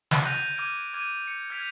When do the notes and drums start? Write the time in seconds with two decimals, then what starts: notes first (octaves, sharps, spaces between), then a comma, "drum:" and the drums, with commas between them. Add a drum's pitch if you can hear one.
0.11 drum: snare
0.24 F#6 G6 A6 A#6 D#7 F7
0.56 D6 F6 G#6 D7 D#7
0.93 D6 F6 G#6 D#7
1.27 C#7
1.50 F6 G6 G#6 B6 D7 F7